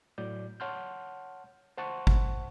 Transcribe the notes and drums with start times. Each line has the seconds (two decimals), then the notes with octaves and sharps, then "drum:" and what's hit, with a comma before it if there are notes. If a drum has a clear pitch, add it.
0.18 A2 F#3 D5 G6
0.60 C#5 F#5 A5 C6 F6 G6
1.78 C5 F#5 A5 C6 C#6 F#6
2.07 drum: kick